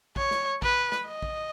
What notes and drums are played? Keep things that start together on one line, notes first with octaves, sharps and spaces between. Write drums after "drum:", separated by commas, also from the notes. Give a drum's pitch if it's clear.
C#5, drum: kick
drum: snare
B4, drum: kick
drum: snare
D#5
drum: kick